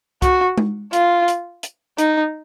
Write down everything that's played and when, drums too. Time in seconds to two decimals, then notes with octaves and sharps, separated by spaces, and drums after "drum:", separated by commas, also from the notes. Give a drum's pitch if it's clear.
0.22 F#4, drum: kick C2, hi-hat
0.58 drum: tom G#3
0.93 F4, drum: hi-hat
1.28 drum: hi-hat
1.63 drum: hi-hat
1.98 D#4, drum: hi-hat